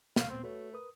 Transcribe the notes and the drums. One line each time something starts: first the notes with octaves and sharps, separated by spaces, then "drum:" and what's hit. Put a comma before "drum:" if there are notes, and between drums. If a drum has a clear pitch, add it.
B2 F5, drum: snare
A#2 B3 C4 C6
A3 F#4 B4 C#5
A#4 B4 D#6